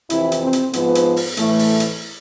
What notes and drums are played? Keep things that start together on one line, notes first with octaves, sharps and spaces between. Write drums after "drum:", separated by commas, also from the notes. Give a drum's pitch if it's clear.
F2 C3 E3 E4, drum: hi-hat
drum: hi-hat
C4
drum: hi-hat
G#2 F3 B3, drum: hi-hat
drum: hi-hat
drum: open hi-hat
A2 E3 A3, drum: hi-hat
drum: open hi-hat
drum: hi-hat